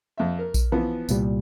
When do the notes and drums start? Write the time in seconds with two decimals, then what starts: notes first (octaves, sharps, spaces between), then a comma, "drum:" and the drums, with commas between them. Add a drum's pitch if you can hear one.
0.17 F2 E5
0.39 A#4
0.54 drum: kick A#1, tambourine
0.72 E3 F3 B3
1.09 C2 A#2 G3, drum: tambourine